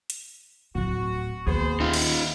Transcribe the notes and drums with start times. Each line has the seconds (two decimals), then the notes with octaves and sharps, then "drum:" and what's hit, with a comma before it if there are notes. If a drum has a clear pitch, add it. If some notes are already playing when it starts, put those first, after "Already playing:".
0.10 drum: hi-hat
0.75 D1 A2 F#4
1.47 D#2 B3 G#4 C5
1.80 D#4 F4
1.93 drum: cymbal